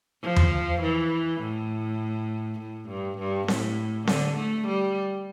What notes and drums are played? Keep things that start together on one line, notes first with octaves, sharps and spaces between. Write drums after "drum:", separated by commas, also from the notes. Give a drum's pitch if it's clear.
F3
drum: tom E2
E3
A2
A2
G2
G2
A2, drum: snare C4
D3, drum: snare C4
A3
G3